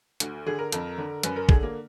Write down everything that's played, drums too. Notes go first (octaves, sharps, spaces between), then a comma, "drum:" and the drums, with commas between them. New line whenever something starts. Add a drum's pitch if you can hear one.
D2 F#4, drum: hi-hat
D3 G#4
A#4
F2, drum: hi-hat
D3
F#2 B4, drum: hi-hat
A#4
D3 G#4, drum: kick
A#3